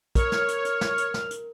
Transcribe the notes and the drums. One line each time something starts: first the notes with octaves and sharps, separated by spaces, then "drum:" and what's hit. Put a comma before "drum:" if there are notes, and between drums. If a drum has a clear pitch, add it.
A#4 C#5 F6, drum: kick, hi-hat
drum: snare
drum: hi-hat
drum: hi-hat
drum: snare
drum: hi-hat
drum: snare
drum: hi-hat